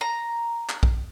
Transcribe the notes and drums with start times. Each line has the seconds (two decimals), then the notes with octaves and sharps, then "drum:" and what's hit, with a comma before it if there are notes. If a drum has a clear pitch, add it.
0.01 A#5
0.69 drum: clap
0.83 drum: kick